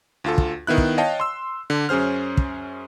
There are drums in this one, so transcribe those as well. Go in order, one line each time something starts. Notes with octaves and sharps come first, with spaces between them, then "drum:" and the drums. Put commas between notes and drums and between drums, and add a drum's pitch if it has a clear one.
D2 F4 A4
drum: kick
D#3 B3 E4 F#6
drum: kick
C#5 D#5 F5 G5 A5
C6 E6
D3
F#2 C#4 G#4 C5 F6
drum: kick